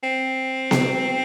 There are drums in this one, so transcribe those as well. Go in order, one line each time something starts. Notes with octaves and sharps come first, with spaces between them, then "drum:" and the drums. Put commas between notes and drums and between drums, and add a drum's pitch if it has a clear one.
C4
drum: snare B3